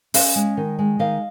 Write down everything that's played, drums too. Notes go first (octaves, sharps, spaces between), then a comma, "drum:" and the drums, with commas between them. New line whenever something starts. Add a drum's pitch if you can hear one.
C#4 D#5 F5, drum: open hi-hat
G#3
D#3
G#3
D#3 D#5 F5